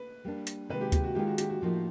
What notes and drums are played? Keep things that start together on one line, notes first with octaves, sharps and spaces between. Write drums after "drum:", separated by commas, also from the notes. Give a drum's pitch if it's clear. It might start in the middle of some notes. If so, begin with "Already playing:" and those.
Already playing: B4
G3 A#3 D4
drum: hi-hat
C3 D#3 G#3 B4
G4
G4, drum: kick D2, hi-hat
F#4
D#3 G#3 C#4 F4 G4
F#4
G4, drum: hi-hat
F#4
A2 F3 A#3 D#4